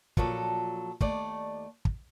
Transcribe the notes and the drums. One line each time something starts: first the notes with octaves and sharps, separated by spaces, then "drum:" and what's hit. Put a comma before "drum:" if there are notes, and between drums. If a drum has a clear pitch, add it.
A#2 F3 F#3 A4, drum: kick
D#2 A3 D5, drum: kick
drum: kick